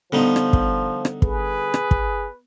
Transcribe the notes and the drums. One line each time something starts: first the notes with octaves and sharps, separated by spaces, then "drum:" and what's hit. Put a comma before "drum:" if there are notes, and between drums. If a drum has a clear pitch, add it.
D3 F3 G3 B3 D#4
drum: rim click
drum: kick
drum: rim click
G#4 B4, drum: kick
drum: rim click
drum: kick